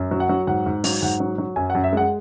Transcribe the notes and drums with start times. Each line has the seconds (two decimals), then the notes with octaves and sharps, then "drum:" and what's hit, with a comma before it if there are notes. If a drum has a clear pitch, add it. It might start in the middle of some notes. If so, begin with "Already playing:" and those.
Already playing: F#2
0.11 F#3
0.20 F#5
0.29 F#3
0.47 G#2 F#5
0.66 G#2
0.84 F#3, drum: open hi-hat
1.02 G#2 F#5
1.20 F#3
1.38 F#3
1.56 F#2 G#5
1.70 F#5
1.75 F#2
1.84 E5
1.93 G#3 F#5